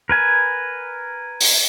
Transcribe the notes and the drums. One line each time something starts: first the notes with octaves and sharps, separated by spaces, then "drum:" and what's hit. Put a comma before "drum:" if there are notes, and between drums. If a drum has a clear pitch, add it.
A#4 B4 G#5
drum: open hi-hat